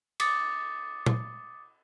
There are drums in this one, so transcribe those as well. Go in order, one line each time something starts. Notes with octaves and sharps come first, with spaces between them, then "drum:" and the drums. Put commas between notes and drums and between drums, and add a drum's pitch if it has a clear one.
D6 D#6 A6 C#7, drum: cymbal
drum: tom